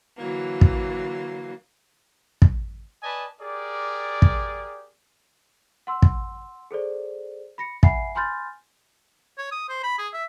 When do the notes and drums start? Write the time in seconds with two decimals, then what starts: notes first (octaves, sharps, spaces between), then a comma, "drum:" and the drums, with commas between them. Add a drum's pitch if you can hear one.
0.17 D3 E3 F#3 A#3
0.61 drum: kick
2.42 drum: kick
3.03 B4 D5 D#5 G#5 A5
3.41 G4 G#4 A#4 D5
4.22 drum: kick
5.87 F#5 C6 E6
6.02 drum: kick
6.71 G#4 A4 C5 D5
7.58 B5 A#6 C#7
7.83 E5 F#5 G#5 B5 C7, drum: kick
8.15 G#5 B5 C6 F6 G6 A6
9.38 C#5
9.52 D#6
9.69 C5
9.84 B5
9.99 G#4
10.13 E5